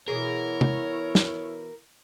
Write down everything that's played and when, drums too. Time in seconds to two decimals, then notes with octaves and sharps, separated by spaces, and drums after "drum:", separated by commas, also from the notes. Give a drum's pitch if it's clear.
0.08 B2 E3 E4 G#4 A#4 C#5
0.61 drum: tom
1.15 drum: snare